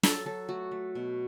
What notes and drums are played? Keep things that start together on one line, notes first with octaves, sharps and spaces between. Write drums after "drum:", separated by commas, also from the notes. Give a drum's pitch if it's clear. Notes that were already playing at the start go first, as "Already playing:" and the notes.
F#3 A4, drum: snare
F#3 A4
A3 F#4
A3
B2